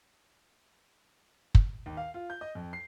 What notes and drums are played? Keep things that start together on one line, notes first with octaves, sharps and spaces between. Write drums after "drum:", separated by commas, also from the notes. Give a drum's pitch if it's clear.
drum: kick
D#2
F5
F4
G6
D#5
F2
C7